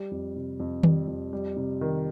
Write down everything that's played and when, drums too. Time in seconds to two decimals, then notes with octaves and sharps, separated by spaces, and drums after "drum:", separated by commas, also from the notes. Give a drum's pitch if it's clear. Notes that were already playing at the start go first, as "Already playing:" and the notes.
Already playing: G3
0.11 F2
0.36 C3
0.60 F2
0.83 G3, drum: tom D#3
1.07 F2
1.33 G3
1.57 C3
1.81 D#3